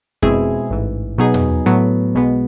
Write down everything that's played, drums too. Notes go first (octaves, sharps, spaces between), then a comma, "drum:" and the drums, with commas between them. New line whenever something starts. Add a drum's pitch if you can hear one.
B2 G#3 C4 E4 G#4, drum: kick F2
A1 G#2 E3
B2 F#3 B3 D#4 G#4
drum: tom E2
A2 F#3 B3
B1 B2 G#3 B3